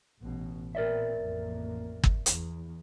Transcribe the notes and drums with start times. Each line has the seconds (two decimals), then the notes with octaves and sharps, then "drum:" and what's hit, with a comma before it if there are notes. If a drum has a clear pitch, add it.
0.21 A1 B2
0.75 A#2 B3 C4 A#4 D5 E5
1.21 A1 F2 A#3
2.04 drum: kick
2.26 E2, drum: hi-hat